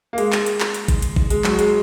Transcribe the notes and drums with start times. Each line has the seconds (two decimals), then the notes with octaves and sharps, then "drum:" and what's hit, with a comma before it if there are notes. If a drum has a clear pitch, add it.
0.13 A#3
0.18 G#3, drum: hi-hat
0.32 drum: clap
0.46 drum: hi-hat
0.60 drum: clap
0.74 drum: hi-hat
0.88 drum: kick G#1, hi-hat
1.02 drum: hi-hat
1.16 drum: kick G#1
1.30 G#3, drum: hi-hat
1.44 F#3, drum: clap
1.59 G#3, drum: hi-hat